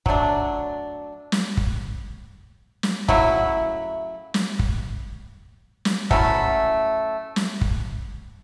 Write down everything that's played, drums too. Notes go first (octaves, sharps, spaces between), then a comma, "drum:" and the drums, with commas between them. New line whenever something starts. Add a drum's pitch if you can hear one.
F#3 A3 D4, drum: kick
drum: snare
drum: kick
drum: snare
C#3 F#3 A3 E4, drum: kick
drum: snare
drum: kick
drum: snare
F#3 A3 C#4 E4, drum: kick
drum: snare
drum: kick